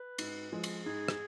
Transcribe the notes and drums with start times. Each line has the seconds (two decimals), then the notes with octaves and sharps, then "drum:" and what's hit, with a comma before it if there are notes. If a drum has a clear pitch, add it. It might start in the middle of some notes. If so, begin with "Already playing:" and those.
Already playing: B4
0.18 G#2, drum: cymbal
0.52 F3 G#3
0.64 drum: cymbal
0.85 G#2 G#4
1.08 drum: rim click